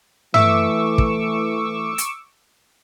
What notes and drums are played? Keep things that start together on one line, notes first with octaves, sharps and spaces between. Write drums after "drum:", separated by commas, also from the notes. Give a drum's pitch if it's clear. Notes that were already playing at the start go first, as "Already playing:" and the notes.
E3 A3 E5 C#6 D6 E6, drum: tom G2
drum: kick
drum: hi-hat